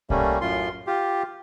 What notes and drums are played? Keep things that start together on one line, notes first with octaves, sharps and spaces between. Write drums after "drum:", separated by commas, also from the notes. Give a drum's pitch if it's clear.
G3 A3 A#3 C#4, drum: kick
F#2 A2 F4 C6
F4 G4